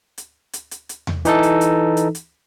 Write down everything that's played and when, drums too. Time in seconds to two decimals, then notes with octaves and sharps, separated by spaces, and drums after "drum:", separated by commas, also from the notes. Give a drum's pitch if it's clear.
0.18 drum: hi-hat
0.53 drum: hi-hat
0.71 drum: hi-hat
0.89 drum: hi-hat
1.07 drum: tom E2
1.25 E3 D#4 A4, drum: hi-hat
1.43 drum: hi-hat
1.61 drum: hi-hat
1.97 drum: hi-hat
2.15 drum: hi-hat